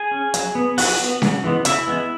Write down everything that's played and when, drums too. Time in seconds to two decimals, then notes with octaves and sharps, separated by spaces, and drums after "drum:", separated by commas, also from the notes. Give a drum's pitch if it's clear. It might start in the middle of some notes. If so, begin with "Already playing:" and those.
Already playing: G#4 G#5
0.11 C#4
0.34 F#3, drum: hi-hat
0.55 B3
0.78 F#3 F#4 F#5, drum: open hi-hat
1.00 B3
1.22 C#3, drum: snare C#4
1.44 E3 G#3 B3
1.65 C#3 E4 E5, drum: hi-hat
1.87 E3 G#3 B3